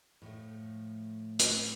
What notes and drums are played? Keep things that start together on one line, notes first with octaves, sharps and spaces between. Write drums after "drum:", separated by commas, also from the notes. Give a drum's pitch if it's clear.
A2 F3 A3
drum: hi-hat